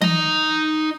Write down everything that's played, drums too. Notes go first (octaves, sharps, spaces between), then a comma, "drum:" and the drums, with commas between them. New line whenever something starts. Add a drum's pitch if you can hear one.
D#4 D#5, drum: tom E3